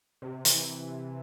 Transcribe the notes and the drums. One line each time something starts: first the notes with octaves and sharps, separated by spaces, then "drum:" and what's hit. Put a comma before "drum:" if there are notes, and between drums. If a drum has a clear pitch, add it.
C3
E3, drum: hi-hat